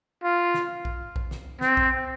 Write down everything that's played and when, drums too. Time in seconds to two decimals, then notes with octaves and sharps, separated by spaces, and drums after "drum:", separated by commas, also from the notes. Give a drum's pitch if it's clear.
0.24 F4
0.54 drum: snare
0.85 drum: kick A#1
1.16 drum: kick A#1
1.31 drum: snare
1.61 C4, drum: snare
1.77 drum: kick A#1